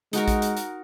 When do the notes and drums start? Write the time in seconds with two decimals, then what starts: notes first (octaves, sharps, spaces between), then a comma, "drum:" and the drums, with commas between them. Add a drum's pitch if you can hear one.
0.13 G#3 D#4 F#4 A#4, drum: hi-hat
0.28 drum: kick A1, hi-hat
0.42 drum: hi-hat
0.57 drum: hi-hat